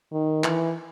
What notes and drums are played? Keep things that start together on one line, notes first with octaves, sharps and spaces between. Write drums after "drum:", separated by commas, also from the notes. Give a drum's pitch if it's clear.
D#3
E3, drum: clap